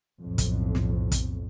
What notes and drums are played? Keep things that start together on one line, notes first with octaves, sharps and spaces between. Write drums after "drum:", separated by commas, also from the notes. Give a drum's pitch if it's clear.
B1 F2 A2
drum: kick, hi-hat
drum: snare
drum: kick, hi-hat